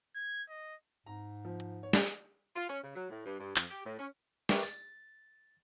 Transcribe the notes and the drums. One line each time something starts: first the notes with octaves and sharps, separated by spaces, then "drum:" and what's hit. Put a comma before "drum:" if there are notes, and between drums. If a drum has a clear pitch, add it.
G#6
D#5
G#2 A#5
F3
drum: hi-hat
C#5
drum: snare
F4
C#4
C#3
F#3
A2
G2
G2
F2, drum: clap
G4
A2
C#4
A#4 B4 E5 G5 C#6 D6, drum: snare
A6, drum: open hi-hat